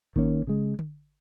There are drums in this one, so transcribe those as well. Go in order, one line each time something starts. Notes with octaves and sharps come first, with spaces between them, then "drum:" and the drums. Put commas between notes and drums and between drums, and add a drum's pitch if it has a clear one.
D#3 A#3 C#4, drum: kick G#1
C#3 G#3
drum: tom D3